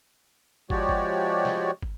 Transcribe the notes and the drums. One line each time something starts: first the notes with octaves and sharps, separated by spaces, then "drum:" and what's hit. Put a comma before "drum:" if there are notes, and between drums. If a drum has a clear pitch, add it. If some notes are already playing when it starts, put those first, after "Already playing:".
F3 G#3 F#4 G4 C#5 D5, drum: kick
drum: kick
drum: snare
drum: kick